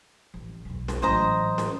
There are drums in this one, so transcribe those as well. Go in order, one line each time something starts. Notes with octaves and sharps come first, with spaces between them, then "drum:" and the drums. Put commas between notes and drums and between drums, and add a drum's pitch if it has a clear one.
A1
B1 E2
drum: snare
A1 G#2 F#3 C5 D#5 A#5
drum: snare